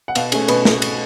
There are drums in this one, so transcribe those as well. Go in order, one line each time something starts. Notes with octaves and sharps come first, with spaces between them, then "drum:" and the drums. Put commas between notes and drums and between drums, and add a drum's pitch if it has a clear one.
F#5
B2 F5, drum: cymbal
A3 C#4 G#4, drum: cymbal
B2 B4, drum: cymbal
drum: snare
drum: cymbal